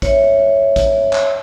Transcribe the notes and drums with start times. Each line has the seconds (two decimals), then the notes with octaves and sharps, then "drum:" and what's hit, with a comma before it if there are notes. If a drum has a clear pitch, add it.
0.02 C#5 E5, drum: kick A1, hi-hat
0.76 drum: kick A1, hi-hat
1.13 drum: clap